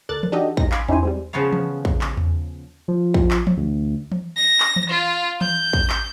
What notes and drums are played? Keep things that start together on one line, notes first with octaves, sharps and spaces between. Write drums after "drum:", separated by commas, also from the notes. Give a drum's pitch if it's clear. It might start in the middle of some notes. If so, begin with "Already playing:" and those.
D2 A4 A#4 D5 F#6 A6
drum: tom E3
D4 D#4 F#4 G4 A4 D#5
D#4 A#6, drum: kick
F5 G#5 B5 C6 D6, drum: clap
C#4 D#4 E4 G4 C5 G#5, drum: tom E2
G3 G#3 C4
C#3 F3 B3 C#5 F5
drum: tom E3
drum: kick
drum: clap
drum: tom E2
F3
drum: kick
drum: clap
drum: tom E3
D2
drum: tom E3
A#6
drum: clap
drum: tom E3
F4
G6, drum: tom E3
drum: kick
drum: clap